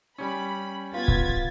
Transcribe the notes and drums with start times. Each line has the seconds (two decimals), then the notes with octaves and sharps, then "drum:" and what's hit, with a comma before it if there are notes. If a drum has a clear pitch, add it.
0.18 G3 C#4 B5
0.94 B3 F4 G#6 A6 B6
1.08 drum: kick